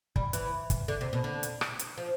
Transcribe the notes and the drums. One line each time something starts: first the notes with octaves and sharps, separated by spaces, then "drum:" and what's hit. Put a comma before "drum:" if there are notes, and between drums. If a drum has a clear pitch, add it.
G3, drum: kick
E3, drum: hi-hat
drum: kick, hi-hat
D3
C3
B2
D3
drum: hi-hat
drum: rim click
drum: hi-hat
F3